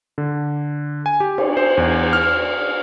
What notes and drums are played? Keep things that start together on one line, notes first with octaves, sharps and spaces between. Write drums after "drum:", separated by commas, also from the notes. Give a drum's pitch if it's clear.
D3
G#5
G4
drum: cymbal
C5
E2
F6